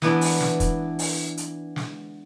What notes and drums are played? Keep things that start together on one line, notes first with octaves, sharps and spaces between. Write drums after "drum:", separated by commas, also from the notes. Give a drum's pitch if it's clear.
E3 B3 D4 E4, drum: snare
drum: open hi-hat
drum: snare
drum: kick, hi-hat
drum: open hi-hat
drum: hi-hat
drum: snare